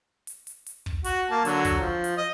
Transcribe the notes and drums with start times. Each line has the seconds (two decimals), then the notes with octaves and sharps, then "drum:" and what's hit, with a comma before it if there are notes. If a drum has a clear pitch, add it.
0.27 drum: hi-hat
0.47 drum: hi-hat
0.66 drum: hi-hat
0.86 drum: kick
1.04 F#4, drum: hi-hat
1.29 A#3 A5
1.45 D3 F#3, drum: hi-hat
1.65 drum: kick, hi-hat
1.79 F3
2.04 drum: hi-hat
2.17 D#5